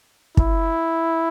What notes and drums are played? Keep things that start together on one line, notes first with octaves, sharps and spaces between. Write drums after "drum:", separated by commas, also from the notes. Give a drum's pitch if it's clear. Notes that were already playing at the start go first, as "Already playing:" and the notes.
E4, drum: kick